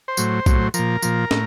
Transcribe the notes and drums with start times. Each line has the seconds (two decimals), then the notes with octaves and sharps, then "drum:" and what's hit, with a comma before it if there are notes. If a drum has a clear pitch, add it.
0.08 C5
0.17 A2 F#3, drum: tambourine
0.46 A2 F#3, drum: kick, tambourine
0.74 A#2 F3 A#4, drum: tambourine
1.02 A#2 F3, drum: tambourine
1.31 A2, drum: snare